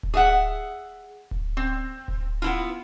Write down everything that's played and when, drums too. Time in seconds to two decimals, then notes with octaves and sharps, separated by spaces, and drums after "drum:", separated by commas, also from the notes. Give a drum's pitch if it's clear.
0.03 drum: kick D1
0.14 G#4 E5 F#5
1.31 drum: kick D1
1.57 C4
2.08 drum: kick D1
2.42 B3 E4 F4